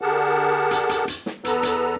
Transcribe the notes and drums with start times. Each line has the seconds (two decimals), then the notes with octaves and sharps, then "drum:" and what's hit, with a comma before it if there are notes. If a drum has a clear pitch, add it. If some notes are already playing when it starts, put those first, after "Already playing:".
0.01 D3 G4 G#4 A#4 F#5 A5
0.71 drum: hi-hat
0.89 drum: hi-hat
1.08 drum: hi-hat
1.26 drum: snare
1.45 E2 B3 A4 B4 A#5 E6, drum: hi-hat
1.63 drum: hi-hat